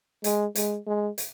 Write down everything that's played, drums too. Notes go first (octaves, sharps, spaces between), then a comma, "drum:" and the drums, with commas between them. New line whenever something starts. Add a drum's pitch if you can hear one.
G#3, drum: hi-hat
G#3, drum: hi-hat
G#3
drum: hi-hat